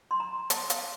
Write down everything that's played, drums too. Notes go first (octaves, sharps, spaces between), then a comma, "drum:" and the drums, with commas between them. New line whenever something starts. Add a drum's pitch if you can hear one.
C6
A#5
A5, drum: hi-hat
F5, drum: hi-hat